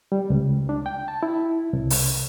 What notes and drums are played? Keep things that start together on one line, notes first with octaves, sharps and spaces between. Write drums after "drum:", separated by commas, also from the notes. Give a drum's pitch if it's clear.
G3
C#2
D4
G5
A5
E4
C2
drum: open hi-hat